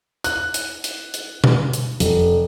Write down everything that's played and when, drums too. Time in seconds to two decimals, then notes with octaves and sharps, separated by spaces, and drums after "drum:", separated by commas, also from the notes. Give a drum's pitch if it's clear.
0.24 F#6, drum: hi-hat
0.54 drum: hi-hat
0.84 drum: hi-hat
1.14 drum: hi-hat
1.44 drum: tom B2
1.73 drum: hi-hat
2.00 F1, drum: hi-hat